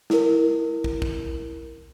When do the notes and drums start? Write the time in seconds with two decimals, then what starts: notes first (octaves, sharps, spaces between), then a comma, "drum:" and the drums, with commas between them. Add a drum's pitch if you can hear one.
0.10 E4 A#4, drum: snare
0.84 drum: kick
1.02 drum: kick